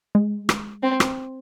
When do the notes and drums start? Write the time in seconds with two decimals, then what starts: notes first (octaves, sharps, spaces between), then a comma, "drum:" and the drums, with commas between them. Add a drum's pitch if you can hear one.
0.15 G#3
0.49 drum: rim click
0.83 C4
1.00 drum: rim click